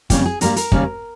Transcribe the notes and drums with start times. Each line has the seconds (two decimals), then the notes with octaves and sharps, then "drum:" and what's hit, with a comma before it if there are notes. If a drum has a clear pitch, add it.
0.10 F2 C#3 G3 A#3 G4, drum: kick, hi-hat
0.26 G#4
0.41 G2 G3 A#3 A#4, drum: hi-hat
0.56 A#4, drum: hi-hat
0.72 D#2 C#3 G3 A#3, drum: kick